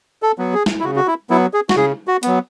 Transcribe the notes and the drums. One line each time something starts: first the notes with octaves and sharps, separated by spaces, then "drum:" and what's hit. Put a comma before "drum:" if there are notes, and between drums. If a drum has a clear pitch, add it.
A4
F#3 B3
G#4
drum: snare
E4
C#3 F#4
F#4
E4
F#3 B3 E4
G#4
F#4, drum: snare
C#3 G#4
F#4
F#3 B3, drum: hi-hat